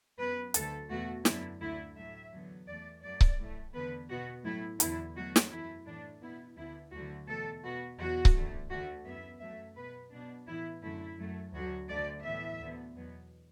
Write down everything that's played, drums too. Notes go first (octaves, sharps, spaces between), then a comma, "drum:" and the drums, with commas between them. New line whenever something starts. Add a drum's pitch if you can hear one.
F#2 F#3 B3 B4
D2 D3 A3 A4, drum: hi-hat
E2 B2 A3 F#4
F#2 D3 F#3 B3 E4, drum: snare
D2 D3 A3 E4
A2 F#3 A3 E5
E2 D3 F#3 B3
E2 E3 A3 D5
F#2 F#3 A3 D5
drum: kick C#1
A2 A3
E2 D3 B3 B4
B2 B3 F#4
A2 F#3 A3 E4
E2 D3 F#3 B3 E4, drum: hi-hat
B2 F#3 A3 F#4
drum: snare
F#2 E3 A3 E4
A2 E3 A3 D4
B2 B3 E4
D2 D3 B3 E4
D2 D3 F#3 A3 F#4
E2 B2 A3 A4
B2 B3 F#4
E2 B2 F#3 F#4
drum: kick C#1
D2 D3 A3
D2 D3 A3 F#4
F#2 E3 B3 E5
F#2 F#3 A3 E5
B2 B3 B4
B2 F#3 B3 D4
A2 E3 B3 E4
F#2 D3 A3 E4
F#2 F#3 A3
D2 D3 F#3 F#4
D2 D3 A3 D5
A2 E3 B3 E5
D2 D3 B3
E2 B2 F#3 B3